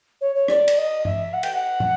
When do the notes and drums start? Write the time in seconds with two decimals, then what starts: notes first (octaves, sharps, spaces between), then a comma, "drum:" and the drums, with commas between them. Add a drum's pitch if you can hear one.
0.21 C#5
0.35 C#5
0.48 D5, drum: rim click
0.68 drum: cymbal
0.77 D#5
1.05 E5, drum: tom G2
1.33 F#5
1.43 G5, drum: cymbal
1.54 F#5
1.80 drum: tom